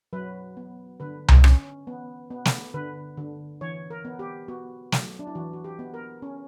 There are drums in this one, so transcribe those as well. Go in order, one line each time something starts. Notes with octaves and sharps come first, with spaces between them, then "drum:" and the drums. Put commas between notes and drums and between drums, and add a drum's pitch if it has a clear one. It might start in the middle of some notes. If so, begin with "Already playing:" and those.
F#3 B4
B3
D3 B4
drum: tom C2
C#4, drum: rim click
B3
B3
drum: snare
D3 B4
D3
E3 C#5
A#4
B3
G4
B3 F#4
F#3, drum: snare
D4
E4
E3 F#4
F#4
G4
B3
A#4
C#4